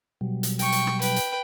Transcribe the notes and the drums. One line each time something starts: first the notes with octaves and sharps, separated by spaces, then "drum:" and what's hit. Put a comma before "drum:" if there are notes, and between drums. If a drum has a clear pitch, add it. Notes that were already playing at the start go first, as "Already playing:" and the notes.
B2 F#3 G3
drum: hi-hat
G5 C#6, drum: hi-hat
drum: hi-hat
drum: rim click
B4 G5, drum: hi-hat
drum: hi-hat